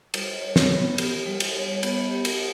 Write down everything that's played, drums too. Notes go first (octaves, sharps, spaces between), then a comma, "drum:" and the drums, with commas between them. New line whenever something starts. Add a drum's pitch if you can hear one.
G3, drum: cymbal
C#5
drum: snare
B3
G4, drum: cymbal
G3
drum: cymbal
C#5
B3, drum: cymbal
G4
drum: cymbal